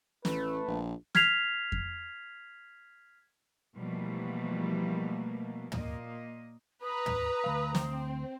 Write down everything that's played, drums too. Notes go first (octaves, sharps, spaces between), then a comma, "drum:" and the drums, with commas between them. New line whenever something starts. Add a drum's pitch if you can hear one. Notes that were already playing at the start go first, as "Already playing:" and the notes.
A1 A3 B4, drum: snare
A#1
F6 G#6 B6 C7 F7, drum: snare
drum: kick F2
B2 E3 F3 G3 A3 A#3
A#2 A#3 D#5, drum: tom
B4 A#5 D#6
drum: tom
D2 E3 F5
C4, drum: snare